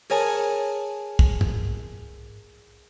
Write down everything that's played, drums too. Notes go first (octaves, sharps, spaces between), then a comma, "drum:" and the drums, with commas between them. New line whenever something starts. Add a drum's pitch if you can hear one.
G#4 A#4 C#5 G#5 A5, drum: open hi-hat
drum: kick
drum: tom